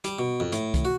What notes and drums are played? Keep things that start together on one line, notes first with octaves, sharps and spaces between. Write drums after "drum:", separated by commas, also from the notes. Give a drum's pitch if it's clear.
G3, drum: hi-hat
B2
F2
A2, drum: hi-hat
drum: kick, hi-hat
F#4